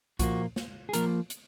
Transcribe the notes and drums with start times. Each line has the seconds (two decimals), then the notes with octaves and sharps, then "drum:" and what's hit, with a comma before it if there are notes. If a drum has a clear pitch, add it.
0.19 A#2 F3 A#3 F#4, drum: kick C2, hi-hat
0.56 drum: snare
0.89 G#4
0.93 F3 A#3 A#4, drum: hi-hat
1.30 drum: hi-hat